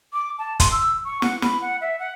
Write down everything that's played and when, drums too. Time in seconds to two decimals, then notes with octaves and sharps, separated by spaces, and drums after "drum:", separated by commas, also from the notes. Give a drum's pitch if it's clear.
0.13 D6
0.39 A5
0.60 C6, drum: kick, hi-hat
0.71 E6
1.05 C#6
1.22 F#5, drum: snare
1.42 B5, drum: snare
1.61 F#5
1.81 E5
1.99 F#5